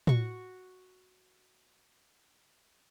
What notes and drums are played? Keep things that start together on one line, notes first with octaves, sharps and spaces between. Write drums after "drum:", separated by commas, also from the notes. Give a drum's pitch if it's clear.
F#4 C#6, drum: tom